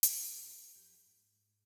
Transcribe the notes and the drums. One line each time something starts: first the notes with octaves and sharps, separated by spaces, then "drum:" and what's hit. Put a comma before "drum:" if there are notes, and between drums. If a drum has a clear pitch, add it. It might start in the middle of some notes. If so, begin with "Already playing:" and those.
E2 C4 G4 A4 F5 B5, drum: hi-hat
F#2 F3 G4 B5 G6
G#2